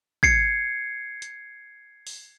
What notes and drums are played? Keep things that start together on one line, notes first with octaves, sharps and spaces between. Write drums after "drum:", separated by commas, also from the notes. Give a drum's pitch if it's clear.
G#6 C7 C#7, drum: kick
drum: hi-hat
drum: open hi-hat